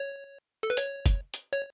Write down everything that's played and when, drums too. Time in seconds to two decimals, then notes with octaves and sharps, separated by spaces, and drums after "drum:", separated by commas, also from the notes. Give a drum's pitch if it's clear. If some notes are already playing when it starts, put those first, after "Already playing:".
Already playing: C#5
0.63 A4
0.70 B4
0.77 C#5, drum: hi-hat
1.06 drum: kick F#1, hi-hat
1.34 drum: hi-hat
1.53 C#5